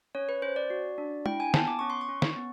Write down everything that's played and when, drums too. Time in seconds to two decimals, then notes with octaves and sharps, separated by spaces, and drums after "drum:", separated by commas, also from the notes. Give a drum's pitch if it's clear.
0.15 C#4 C#5
0.29 B4
0.42 C#4 C5
0.56 D5
0.70 F#4
0.98 D4
1.26 E4 G5, drum: tom
1.40 G#5
1.54 B3 A5, drum: snare
1.68 D6
1.79 C#4 C#6
1.90 C6
2.01 C#6
2.09 C#4
2.22 drum: snare
2.36 B3